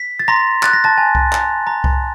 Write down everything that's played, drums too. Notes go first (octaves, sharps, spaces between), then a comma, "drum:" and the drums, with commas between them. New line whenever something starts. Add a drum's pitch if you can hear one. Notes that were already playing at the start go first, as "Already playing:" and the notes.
Already playing: B6
A6
A#5 C6 A#6
F#6 A6, drum: clap
A#6
A5 A6
G#5
drum: kick C2
A#5, drum: clap
A#5
drum: kick C2